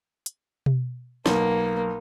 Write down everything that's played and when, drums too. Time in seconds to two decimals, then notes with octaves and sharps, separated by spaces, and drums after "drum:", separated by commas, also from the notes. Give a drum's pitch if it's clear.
0.26 drum: hi-hat
0.66 drum: tom B2
1.26 B1 A#3, drum: snare